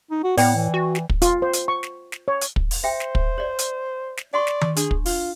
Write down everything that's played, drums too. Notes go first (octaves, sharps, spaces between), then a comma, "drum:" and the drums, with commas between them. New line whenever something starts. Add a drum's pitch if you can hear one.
D#4
F#4
A2 B3 D5 G5, drum: open hi-hat
E3
F#4
drum: snare
drum: kick
F4, drum: hi-hat
C5
drum: hi-hat
C#6
drum: snare
drum: snare
C#5
drum: hi-hat
drum: kick
drum: open hi-hat
C5 E5 G5
drum: snare
drum: kick
C#5 D5
drum: hi-hat
drum: snare
D5 F#5 C6 C#6
drum: snare
drum: tom D#3
D4 G#4, drum: hi-hat
drum: kick
F4, drum: open hi-hat